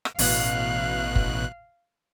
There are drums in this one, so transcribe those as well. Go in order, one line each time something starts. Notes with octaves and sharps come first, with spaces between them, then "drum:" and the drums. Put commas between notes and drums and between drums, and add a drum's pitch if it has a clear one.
drum: rim click
A1 B2 F5 F#6, drum: open hi-hat
drum: kick F#1